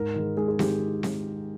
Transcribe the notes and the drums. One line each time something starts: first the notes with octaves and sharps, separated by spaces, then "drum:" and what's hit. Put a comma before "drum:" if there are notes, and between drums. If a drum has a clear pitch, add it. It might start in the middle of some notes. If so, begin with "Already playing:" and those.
Already playing: G#2 A#4
D#3 G#3
G#2 G#4
G#4
D#3 G#3 G4, drum: snare C4
drum: snare C4